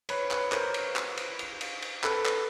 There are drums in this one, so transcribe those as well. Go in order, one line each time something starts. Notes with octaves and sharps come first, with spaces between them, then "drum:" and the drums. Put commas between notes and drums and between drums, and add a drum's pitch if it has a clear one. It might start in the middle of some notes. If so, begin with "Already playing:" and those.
B4 C#5, drum: cymbal
B4 C#5, drum: clap
A#4 C5, drum: clap
drum: cymbal
drum: clap
drum: cymbal
drum: cymbal
drum: cymbal
drum: cymbal
A4 B4, drum: clap
drum: clap